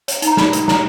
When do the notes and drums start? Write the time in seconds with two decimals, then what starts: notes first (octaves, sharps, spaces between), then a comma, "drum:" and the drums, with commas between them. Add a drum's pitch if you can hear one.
0.08 C#5, drum: hi-hat
0.22 D#4, drum: hi-hat
0.27 A#5
0.37 D#4 B5, drum: snare
0.53 A#4, drum: hi-hat
0.68 C#5 A#5, drum: snare